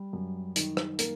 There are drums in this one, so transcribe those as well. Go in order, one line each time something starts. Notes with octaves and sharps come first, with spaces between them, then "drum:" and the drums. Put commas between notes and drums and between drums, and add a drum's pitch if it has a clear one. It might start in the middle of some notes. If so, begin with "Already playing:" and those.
Already playing: G3
F#2
D#3, drum: hi-hat
drum: rim click
A#3, drum: hi-hat